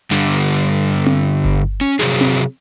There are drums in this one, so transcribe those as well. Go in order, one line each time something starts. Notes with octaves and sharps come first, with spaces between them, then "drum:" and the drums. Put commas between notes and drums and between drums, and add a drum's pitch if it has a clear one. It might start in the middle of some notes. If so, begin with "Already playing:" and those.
G2 D3 G3, drum: snare
drum: tom C4
drum: kick G1
C#4
C3 F#3 G#4, drum: snare
drum: tom C4